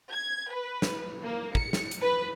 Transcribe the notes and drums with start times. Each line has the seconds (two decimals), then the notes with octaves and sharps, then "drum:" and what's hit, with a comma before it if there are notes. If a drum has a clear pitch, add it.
0.12 G#6
0.52 B4
0.82 drum: snare
1.23 A#3
1.55 C#7, drum: kick
1.73 drum: snare
1.91 drum: hi-hat
2.01 B4